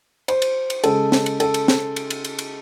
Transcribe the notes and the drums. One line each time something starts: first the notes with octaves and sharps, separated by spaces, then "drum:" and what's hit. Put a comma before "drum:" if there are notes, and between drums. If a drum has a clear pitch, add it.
C5, drum: cymbal
drum: cymbal
drum: cymbal
C#3 G#3 A4, drum: cymbal
drum: snare
drum: cymbal
A4, drum: cymbal
drum: cymbal
drum: snare
drum: cymbal
drum: cymbal
drum: cymbal
drum: cymbal